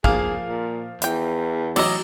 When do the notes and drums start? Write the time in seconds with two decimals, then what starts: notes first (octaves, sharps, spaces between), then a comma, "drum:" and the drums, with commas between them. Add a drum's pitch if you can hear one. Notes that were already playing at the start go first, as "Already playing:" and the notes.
0.04 F3 A#3 G#4 F5, drum: kick
0.46 A#2
1.02 E2 E3 G5, drum: hi-hat
1.76 A1 F#3 D5 D#5 E6, drum: cymbal